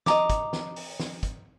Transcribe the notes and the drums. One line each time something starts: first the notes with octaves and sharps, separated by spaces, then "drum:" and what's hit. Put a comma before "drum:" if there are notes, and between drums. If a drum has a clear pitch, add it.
D#5 A#5 D6, drum: snare
drum: kick, hi-hat
drum: snare
drum: open hi-hat
drum: snare
drum: kick, hi-hat